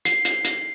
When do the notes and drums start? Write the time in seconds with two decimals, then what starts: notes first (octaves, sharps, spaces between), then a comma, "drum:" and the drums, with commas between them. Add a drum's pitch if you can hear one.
0.05 C7, drum: hi-hat
0.25 drum: hi-hat
0.45 drum: hi-hat